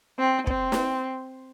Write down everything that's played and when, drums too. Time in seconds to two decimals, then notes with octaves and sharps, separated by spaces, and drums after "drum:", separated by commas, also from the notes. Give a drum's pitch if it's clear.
0.19 C4
0.47 C4, drum: kick
0.72 drum: snare